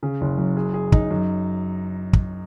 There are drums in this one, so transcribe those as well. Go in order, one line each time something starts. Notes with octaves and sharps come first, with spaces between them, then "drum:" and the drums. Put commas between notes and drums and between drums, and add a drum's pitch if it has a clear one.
C#3
F#1
F#2
G#4
G#4
D#4, drum: kick
F#2
drum: kick